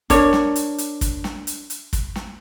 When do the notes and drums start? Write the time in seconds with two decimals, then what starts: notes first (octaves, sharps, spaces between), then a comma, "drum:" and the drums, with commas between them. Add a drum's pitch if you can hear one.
0.10 D4 A#4 C#5, drum: kick, hi-hat
0.33 drum: snare
0.56 drum: hi-hat
0.78 drum: hi-hat
1.01 drum: kick, hi-hat
1.24 drum: snare
1.47 drum: hi-hat
1.70 drum: hi-hat
1.93 drum: kick, hi-hat
2.16 drum: snare